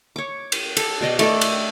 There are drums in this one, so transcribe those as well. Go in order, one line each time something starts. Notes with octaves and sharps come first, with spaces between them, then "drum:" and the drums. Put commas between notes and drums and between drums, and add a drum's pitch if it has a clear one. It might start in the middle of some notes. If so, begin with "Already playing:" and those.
C#5 D6
drum: cymbal
A4, drum: cymbal
B2 D5 D#5 G5
A3 A4 D5, drum: cymbal
drum: cymbal